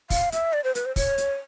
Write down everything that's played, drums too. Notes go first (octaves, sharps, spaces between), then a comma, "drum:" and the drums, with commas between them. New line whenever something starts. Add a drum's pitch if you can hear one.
F5, drum: kick, open hi-hat
E5, drum: hi-hat
D5
C5
B4, drum: hi-hat
C5
C#5, drum: kick, open hi-hat
drum: hi-hat